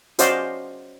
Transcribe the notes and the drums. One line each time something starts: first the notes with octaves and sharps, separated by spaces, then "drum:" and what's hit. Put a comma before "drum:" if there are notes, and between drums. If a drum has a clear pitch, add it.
C#4 F#4 C5 D5 D#5 F5, drum: hi-hat